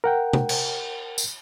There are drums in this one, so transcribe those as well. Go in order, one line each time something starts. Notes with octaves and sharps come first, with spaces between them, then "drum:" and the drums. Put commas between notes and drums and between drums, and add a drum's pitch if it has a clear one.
A#4 F#5 G5
drum: tom
drum: cymbal
drum: tambourine